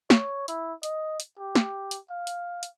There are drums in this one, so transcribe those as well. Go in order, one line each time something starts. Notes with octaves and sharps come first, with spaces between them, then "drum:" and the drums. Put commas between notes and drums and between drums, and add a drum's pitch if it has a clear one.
C#5, drum: snare
E4, drum: hi-hat
D#5, drum: hi-hat
drum: hi-hat
G4
drum: snare
drum: hi-hat
F5
drum: hi-hat
drum: hi-hat